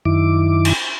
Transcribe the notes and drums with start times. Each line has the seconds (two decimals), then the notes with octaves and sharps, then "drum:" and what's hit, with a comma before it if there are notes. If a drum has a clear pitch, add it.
0.05 F#2 D#3 E4 D6
0.65 drum: cymbal